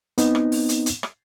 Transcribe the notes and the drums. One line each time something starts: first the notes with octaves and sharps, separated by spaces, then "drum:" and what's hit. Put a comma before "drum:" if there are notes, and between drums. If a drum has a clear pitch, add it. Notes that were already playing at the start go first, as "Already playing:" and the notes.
B3 C4 D#4, drum: hi-hat
drum: rim click
drum: open hi-hat
drum: hi-hat
drum: hi-hat
drum: rim click